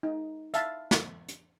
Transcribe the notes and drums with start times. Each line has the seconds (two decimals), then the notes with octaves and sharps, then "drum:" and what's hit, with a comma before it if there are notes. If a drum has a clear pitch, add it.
0.03 D#4
0.54 E5 F5 A5, drum: hi-hat
0.91 drum: snare
1.28 drum: hi-hat